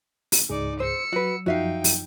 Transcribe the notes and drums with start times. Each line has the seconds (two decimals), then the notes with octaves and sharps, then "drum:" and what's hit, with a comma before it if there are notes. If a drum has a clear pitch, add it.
0.32 drum: open hi-hat
0.50 C#2 G#2 D#4 G#4 D5
0.80 C5 E6 C#7
1.12 F#3 F#4 B4
1.46 F#2 F3 F#3 D#4 F#4 E5 F5 G5
1.84 drum: open hi-hat